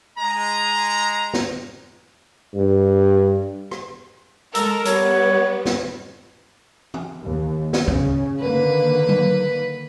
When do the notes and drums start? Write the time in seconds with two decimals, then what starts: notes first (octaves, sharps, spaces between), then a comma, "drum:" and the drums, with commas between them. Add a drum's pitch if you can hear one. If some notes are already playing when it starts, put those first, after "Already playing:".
0.18 G#3 A#5
1.34 drum: snare
2.54 G2
3.71 drum: rim click
4.55 G#3 A4 A#4 E6, drum: hi-hat
4.85 G3 B3 C#5, drum: hi-hat
5.65 drum: snare
6.94 drum: tom E3
7.22 D#2
7.73 drum: snare
7.88 C#3, drum: kick
8.40 D3 D#3 A#3 B4
9.09 drum: tom F#3